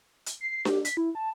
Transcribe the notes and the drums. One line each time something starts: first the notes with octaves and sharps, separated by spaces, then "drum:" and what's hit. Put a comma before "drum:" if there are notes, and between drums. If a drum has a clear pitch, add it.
drum: hi-hat
C7
G4, drum: snare D4
B6, drum: hi-hat
E4
A5